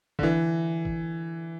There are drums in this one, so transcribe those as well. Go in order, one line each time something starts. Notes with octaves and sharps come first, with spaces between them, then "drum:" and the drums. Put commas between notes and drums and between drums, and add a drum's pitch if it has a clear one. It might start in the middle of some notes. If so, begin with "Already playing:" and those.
D3, drum: kick
E3
drum: kick